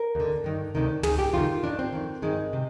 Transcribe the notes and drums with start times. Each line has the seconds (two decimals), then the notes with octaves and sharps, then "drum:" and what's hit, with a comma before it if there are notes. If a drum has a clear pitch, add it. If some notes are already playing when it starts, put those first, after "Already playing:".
Already playing: A#4
0.15 D#2 D3
0.44 G2 D#3
0.75 D2 C3 D#3
1.03 D#2 D#3 G#4, drum: tom
1.19 G4
1.33 F2 C3 D#3 F4
1.63 D#2 D#3 D4
1.79 C4
1.92 F2 D#3
2.22 G2 D#3 G#3
2.53 C3